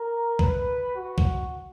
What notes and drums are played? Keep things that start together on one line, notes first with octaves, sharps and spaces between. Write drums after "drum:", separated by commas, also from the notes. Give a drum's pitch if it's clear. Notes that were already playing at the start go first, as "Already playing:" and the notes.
Already playing: A#4
B4, drum: kick
F#4
drum: kick